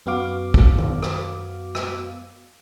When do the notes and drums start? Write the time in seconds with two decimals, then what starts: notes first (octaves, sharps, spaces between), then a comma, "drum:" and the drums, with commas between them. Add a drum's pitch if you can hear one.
0.06 F#2 B3 F#4 F5 D6
0.54 drum: kick
0.78 drum: tom D#3
1.02 drum: rim click
1.75 drum: rim click